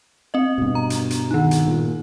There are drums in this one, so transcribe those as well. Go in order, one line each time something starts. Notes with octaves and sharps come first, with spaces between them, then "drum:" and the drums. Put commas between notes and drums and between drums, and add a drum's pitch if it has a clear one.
C4 D#5
G2 B2
A#5
drum: hi-hat
drum: hi-hat
D#3 D#4
drum: hi-hat
A#2